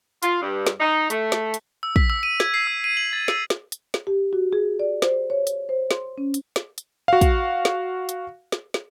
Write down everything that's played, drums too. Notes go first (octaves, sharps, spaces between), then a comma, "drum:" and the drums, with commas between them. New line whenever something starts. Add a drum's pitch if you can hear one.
F4, drum: hi-hat
G2
drum: snare
D#4
A3, drum: hi-hat
drum: snare
drum: hi-hat
E6
B6, drum: kick
E6
D#7
G#6, drum: snare
C7
E6
D#7
F#7
A6
E6, drum: snare
drum: snare
drum: hi-hat
drum: snare
G4
F#4
G#4
D5
C5, drum: snare
C#5
drum: hi-hat
C5
C6, drum: snare
C#4
drum: hi-hat
drum: snare
drum: hi-hat
F#4 F5
drum: kick, hi-hat
drum: snare
drum: hi-hat
drum: snare
drum: snare